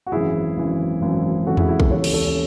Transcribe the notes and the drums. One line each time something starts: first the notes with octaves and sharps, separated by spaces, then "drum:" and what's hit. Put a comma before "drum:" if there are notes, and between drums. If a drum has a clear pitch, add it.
F#4
G#1 F#2 E3 E4 G#4
G#1 F#2 E3
G#1 F#2 E3
G#1 F#2 E3 F#4 A4
E4 G#4, drum: tom E2
E4 G#4
F#4 A4, drum: kick
D#2 C#3 E3 A4 C#5
drum: cymbal
A4 C#5
C#4 E4